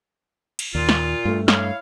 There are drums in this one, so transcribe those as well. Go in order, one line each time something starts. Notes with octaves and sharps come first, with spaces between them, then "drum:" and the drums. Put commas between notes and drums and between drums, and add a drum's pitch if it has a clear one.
drum: cymbal
D#2 A#2 F4
drum: snare
G2 A3
E4 C#5 F5, drum: snare